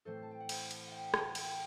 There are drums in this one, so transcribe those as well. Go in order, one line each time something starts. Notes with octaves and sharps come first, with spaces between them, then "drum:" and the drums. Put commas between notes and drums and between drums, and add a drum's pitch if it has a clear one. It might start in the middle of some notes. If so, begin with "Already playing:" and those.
A2 E3 A3 C4 A4 C5
A5
G5
F#5
C5 E5, drum: cymbal
drum: cymbal
E5 F#5 G5
F#5 A5, drum: rim click
E5 G5, drum: cymbal